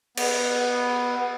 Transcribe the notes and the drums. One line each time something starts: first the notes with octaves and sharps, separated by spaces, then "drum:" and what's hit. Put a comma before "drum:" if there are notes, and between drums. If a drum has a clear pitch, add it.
B3, drum: cymbal